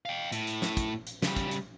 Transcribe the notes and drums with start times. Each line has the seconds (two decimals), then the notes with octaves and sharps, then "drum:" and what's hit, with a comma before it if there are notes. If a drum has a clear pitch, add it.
0.05 F5 G5
0.32 A2, drum: hi-hat
0.47 drum: hi-hat
0.62 drum: snare
0.77 drum: kick, hi-hat
1.07 drum: hi-hat
1.22 C#3 G3, drum: snare
1.36 drum: kick, hi-hat
1.51 drum: hi-hat